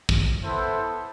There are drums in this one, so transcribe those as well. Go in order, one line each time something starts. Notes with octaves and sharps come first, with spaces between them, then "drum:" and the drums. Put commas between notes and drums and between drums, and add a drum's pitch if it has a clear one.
drum: kick
B3 E4 A4 C5